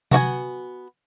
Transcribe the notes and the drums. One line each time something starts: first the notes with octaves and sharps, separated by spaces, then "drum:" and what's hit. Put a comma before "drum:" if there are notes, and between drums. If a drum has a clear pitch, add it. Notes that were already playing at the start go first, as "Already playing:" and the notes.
B3 F#4 F#5 G#5, drum: tom C3